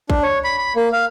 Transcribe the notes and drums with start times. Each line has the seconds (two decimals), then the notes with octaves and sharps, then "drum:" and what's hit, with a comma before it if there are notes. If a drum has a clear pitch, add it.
0.10 D4, drum: kick
0.23 C#5
0.44 B5
0.58 B5
0.76 A#3
0.93 F5